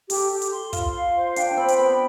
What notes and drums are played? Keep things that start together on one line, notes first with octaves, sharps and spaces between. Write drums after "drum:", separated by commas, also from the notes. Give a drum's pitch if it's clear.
G4 A4, drum: open hi-hat
G4
drum: hi-hat
C6
F4 C6, drum: kick, hi-hat
F5
C5
D4 G5, drum: hi-hat
D4
C4 B5
drum: hi-hat
B3 G5